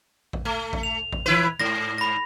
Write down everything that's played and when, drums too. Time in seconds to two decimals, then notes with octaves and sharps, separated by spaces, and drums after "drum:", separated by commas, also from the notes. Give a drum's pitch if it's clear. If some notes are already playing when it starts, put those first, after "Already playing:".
0.33 drum: kick A1
0.45 A3
0.73 drum: kick A1
0.83 F7
1.13 drum: kick A1
1.26 E3 E4 B4
1.60 G#2 A#6
1.98 B5 A#6